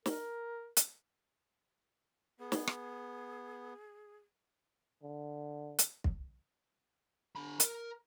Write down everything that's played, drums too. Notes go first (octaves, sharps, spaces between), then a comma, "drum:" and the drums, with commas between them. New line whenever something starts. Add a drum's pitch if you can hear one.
A#4, drum: snare
drum: hi-hat
B3 G#4
drum: snare
drum: rim click
D3
drum: hi-hat
drum: kick
D3 B5
A#4, drum: hi-hat